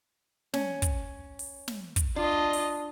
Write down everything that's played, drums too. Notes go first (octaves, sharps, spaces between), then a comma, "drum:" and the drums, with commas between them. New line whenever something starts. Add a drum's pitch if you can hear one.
C#4, drum: snare
drum: kick, hi-hat
drum: open hi-hat
drum: snare
drum: kick, hi-hat
D4 F4 D#5
drum: open hi-hat